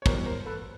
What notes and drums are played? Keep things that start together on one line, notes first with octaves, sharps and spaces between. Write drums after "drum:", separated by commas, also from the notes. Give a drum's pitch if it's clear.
C#5
E2 B2 G3 A#4 C5, drum: kick
A#4 C5
A4 B4